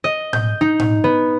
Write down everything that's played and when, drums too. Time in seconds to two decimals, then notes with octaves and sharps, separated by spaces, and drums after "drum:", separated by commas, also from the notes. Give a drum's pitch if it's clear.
0.04 D#5
0.33 G6, drum: tom A2
0.61 D#4
0.80 drum: tom A2
1.04 B3